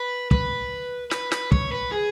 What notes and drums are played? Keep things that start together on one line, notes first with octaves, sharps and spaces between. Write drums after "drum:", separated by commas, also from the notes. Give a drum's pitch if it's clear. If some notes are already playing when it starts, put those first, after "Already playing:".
Already playing: B4
B4, drum: kick
B4, drum: snare
B4, drum: snare
C#5, drum: kick
B4
G#4